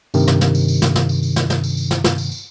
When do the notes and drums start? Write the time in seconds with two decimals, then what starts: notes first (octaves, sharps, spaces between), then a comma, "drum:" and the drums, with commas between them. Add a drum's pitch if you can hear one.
0.14 G2 C3 D#3, drum: tambourine
0.27 drum: snare
0.41 drum: snare
0.55 drum: tambourine
0.68 drum: tambourine
0.82 drum: snare
0.96 drum: snare
1.09 drum: tambourine
1.23 drum: tambourine
1.36 drum: snare
1.50 drum: snare
1.64 drum: tambourine
1.77 drum: tambourine
1.91 drum: snare
2.04 drum: snare
2.18 drum: tambourine
2.32 drum: tambourine